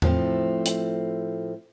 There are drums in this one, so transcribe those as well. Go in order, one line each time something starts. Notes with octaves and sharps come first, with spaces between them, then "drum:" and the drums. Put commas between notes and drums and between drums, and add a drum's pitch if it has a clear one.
A2 F3 A3 C4, drum: tom E2
drum: hi-hat